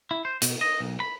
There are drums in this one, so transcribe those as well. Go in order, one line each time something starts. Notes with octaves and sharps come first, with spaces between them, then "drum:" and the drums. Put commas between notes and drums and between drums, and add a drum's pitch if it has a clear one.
E4
C5
B2, drum: hi-hat
D#5
B1
B5